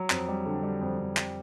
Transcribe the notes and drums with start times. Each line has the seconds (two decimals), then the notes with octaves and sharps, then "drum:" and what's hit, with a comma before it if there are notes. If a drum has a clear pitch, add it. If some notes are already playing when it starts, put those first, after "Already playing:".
Already playing: F#3
0.10 F2, drum: clap
0.28 G3
0.46 D3
0.63 G3
0.81 F2
0.98 F2
1.17 G3, drum: clap